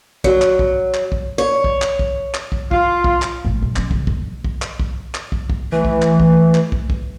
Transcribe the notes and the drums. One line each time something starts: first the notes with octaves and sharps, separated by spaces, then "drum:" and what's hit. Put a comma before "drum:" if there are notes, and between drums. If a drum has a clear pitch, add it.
F#3, drum: kick
drum: clap
drum: kick
drum: clap
drum: kick
C#5
drum: kick
drum: clap
drum: kick
drum: clap
drum: kick
F4, drum: kick
drum: kick
drum: clap
A1 A2
A#1
F3 C#4, drum: clap
C#3, drum: kick
D#2, drum: kick
drum: kick
drum: clap
drum: kick
drum: clap
drum: kick
drum: kick
E3 A3
drum: kick
drum: clap
drum: kick
drum: clap
drum: kick
drum: kick